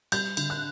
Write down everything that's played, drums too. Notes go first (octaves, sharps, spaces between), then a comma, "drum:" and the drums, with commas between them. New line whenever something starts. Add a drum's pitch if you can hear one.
G3 G6, drum: cymbal
D3, drum: cymbal
F#6